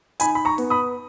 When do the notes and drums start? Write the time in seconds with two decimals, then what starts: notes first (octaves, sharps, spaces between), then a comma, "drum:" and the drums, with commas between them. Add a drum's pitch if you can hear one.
0.20 D#4 G#5 B5, drum: hi-hat
0.35 B5
0.45 A#5 C#6
0.58 B3, drum: open hi-hat
0.70 B5 D#6